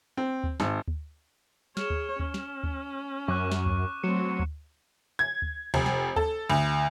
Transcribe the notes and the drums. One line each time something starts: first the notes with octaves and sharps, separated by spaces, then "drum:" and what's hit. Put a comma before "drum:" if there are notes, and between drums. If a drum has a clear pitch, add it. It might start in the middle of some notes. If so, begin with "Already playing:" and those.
C4
drum: kick D2
G#1, drum: snare
drum: kick D2
G#4 C#5 F6 E7, drum: snare
drum: kick D2
C#4, drum: kick D2
drum: snare
drum: kick D2
F#2 C#6 D6 F#6
drum: snare
drum: kick D2
F#3 A3 C4 C#7 E7
drum: kick D2
G#6
drum: kick D2
F1, drum: kick D2
drum: snare
A4, drum: kick D2
D2